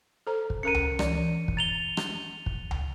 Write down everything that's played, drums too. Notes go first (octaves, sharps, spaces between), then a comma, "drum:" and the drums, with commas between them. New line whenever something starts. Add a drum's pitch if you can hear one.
A4 C5 A#5
drum: kick
C#4 A#4 A#5 C#7 D#7
drum: tom C#2
E3 D5, drum: rim click
drum: kick
A#5 A6 F7 G7
drum: rim click
drum: kick
drum: tom C#2